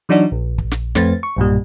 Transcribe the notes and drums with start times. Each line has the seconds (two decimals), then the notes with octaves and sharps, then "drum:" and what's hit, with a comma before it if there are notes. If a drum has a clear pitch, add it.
0.09 E3 F#3 D4 D#4 F#4 D5
0.32 A#1
0.58 drum: kick
0.71 drum: snare
0.95 F2 A3 C4 B4 C5 A6, drum: snare
1.23 C#6
1.37 B1 G2 A#2 G3